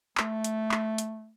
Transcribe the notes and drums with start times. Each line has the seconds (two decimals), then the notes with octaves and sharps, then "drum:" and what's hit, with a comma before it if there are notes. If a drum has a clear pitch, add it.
0.17 A3, drum: clap
0.44 drum: hi-hat
0.71 drum: clap
0.98 drum: hi-hat